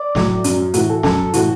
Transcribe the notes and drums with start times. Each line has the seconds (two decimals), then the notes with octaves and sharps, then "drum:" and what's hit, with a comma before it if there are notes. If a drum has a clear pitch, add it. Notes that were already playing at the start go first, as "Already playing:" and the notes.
Already playing: D5
0.15 A2 F#3, drum: snare
0.44 F#2 F#3, drum: hi-hat
0.74 A2 E3 F#4, drum: hi-hat
0.90 A4
1.03 F#2 F#3 A4, drum: snare
1.34 A2 E3 F#4, drum: hi-hat